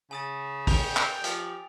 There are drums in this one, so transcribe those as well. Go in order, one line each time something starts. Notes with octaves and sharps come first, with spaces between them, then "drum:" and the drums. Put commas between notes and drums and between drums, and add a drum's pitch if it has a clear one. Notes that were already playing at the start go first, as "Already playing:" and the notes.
C#3 G#5 D#6 A6
G5 F7, drum: kick, open hi-hat
drum: clap
F3 G4, drum: hi-hat